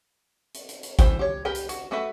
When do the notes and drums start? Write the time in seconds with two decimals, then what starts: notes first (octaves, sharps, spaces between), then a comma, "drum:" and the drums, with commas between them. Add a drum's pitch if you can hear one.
0.54 drum: hi-hat
0.69 drum: hi-hat
0.83 drum: hi-hat
0.99 E3 C5 G5, drum: kick, hi-hat
1.19 G4 C#5
1.45 G4 A#4 B4 G5
1.55 drum: hi-hat
1.69 F#4, drum: hi-hat
1.91 A3 F#4 B4 E5